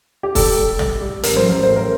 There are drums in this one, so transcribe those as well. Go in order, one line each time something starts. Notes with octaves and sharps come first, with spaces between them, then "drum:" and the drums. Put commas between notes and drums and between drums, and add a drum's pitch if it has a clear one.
G4
G3 A4, drum: kick, open hi-hat
G3
G3, drum: tom A#1
G3
A1 A#4, drum: hi-hat
C5, drum: tom F3
A1 A#4
A2 C5
A#4